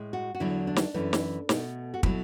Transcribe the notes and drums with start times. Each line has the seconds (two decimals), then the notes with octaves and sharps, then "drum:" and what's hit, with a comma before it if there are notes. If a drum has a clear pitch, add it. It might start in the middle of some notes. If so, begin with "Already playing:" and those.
Already playing: A2 G#3
0.13 F#4
0.35 F#4
0.40 E2 D3 F#3 E4
0.67 D4
0.76 drum: snare
0.94 F#2 E3 A3
1.13 drum: snare
1.49 B2 A3, drum: snare
1.94 F#4
2.03 B2 F#3 A3 E4, drum: kick